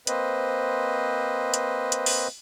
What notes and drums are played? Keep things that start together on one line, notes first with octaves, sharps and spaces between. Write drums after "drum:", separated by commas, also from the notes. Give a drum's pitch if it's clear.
A#3 C4 B4 C5 D#5, drum: hi-hat
drum: hi-hat
drum: hi-hat
drum: open hi-hat